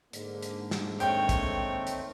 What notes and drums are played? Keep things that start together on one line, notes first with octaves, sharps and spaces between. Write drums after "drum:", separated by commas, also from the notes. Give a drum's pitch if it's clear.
G#2 D3 A#3, drum: hi-hat
drum: hi-hat
drum: snare
D#3 A3 C4 C#5 G5, drum: hi-hat
drum: kick, hi-hat
drum: hi-hat